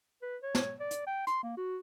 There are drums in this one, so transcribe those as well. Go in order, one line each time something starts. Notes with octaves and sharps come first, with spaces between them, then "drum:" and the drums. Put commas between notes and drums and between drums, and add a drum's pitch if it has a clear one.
B4
C#5
drum: snare
D5
drum: hi-hat
G5
C6, drum: hi-hat
A#3
F#4